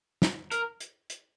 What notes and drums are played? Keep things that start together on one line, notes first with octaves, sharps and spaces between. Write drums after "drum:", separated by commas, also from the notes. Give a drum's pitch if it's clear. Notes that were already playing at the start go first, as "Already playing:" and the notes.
drum: snare
A#4, drum: hi-hat
drum: hi-hat
drum: hi-hat